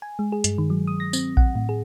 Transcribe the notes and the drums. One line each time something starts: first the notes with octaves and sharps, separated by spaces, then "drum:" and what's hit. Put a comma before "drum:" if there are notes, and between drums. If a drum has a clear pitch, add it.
G#5
G#3
G#4
G2, drum: hi-hat
D#3
F#3
D#6
A#6
C4, drum: tambourine
F#5, drum: kick A#1
A2
G#4